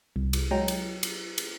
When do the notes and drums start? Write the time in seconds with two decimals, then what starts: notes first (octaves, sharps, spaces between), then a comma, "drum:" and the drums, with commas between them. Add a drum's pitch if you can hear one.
0.16 C2
0.33 drum: cymbal
0.51 F#3 G#3 G5 A#5
0.68 drum: cymbal
1.03 drum: cymbal
1.38 drum: cymbal